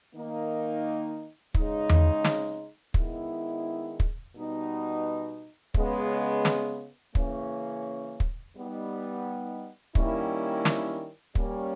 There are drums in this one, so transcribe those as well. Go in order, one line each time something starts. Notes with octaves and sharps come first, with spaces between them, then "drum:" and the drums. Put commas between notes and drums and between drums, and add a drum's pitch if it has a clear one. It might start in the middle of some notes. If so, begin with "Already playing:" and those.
D#3 A#3 D#4
C#3 G#3 D#4, drum: kick
drum: tom E2
drum: snare
D#3 G#3 B3 E4, drum: kick
drum: kick
B2 G3 B3 D#4
C#3 G#3 B3, drum: kick
drum: snare
C#3 E3 A#3 C#4, drum: kick
drum: kick
G3 B3 D#4
D#3 G3 A#3 C#4 E4, drum: kick
drum: snare
G3 A#3 C#4, drum: kick